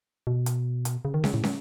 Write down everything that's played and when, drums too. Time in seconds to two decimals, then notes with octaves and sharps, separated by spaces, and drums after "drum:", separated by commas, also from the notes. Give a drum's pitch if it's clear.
0.27 B2
0.46 drum: hi-hat
0.85 drum: hi-hat
1.05 C#3
1.14 D#3
1.24 C#3, drum: snare
1.34 A2
1.44 drum: snare